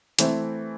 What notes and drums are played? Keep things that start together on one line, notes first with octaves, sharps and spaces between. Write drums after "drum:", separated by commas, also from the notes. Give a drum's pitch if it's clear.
E3 A3 C4, drum: hi-hat